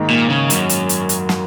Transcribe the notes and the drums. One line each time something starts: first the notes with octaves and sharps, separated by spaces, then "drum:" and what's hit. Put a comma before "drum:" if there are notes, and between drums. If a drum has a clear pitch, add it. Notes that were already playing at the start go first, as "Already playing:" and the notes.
Already playing: G#2 D#3 A#3
A#2
C#3
F#2, drum: hi-hat
drum: hi-hat
drum: hi-hat
drum: hi-hat
drum: snare